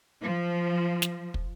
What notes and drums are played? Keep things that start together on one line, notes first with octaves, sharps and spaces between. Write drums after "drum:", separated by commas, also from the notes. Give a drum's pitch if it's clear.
F3
drum: snare
drum: kick